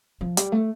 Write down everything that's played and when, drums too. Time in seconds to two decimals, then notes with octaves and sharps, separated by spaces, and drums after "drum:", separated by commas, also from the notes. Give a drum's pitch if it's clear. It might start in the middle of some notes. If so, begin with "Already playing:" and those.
0.21 F3
0.37 G3, drum: hi-hat
0.52 A3